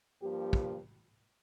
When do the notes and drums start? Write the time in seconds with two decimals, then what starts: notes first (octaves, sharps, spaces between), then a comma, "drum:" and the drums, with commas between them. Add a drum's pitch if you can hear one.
0.20 G2 F3 A#3 G4
0.53 drum: kick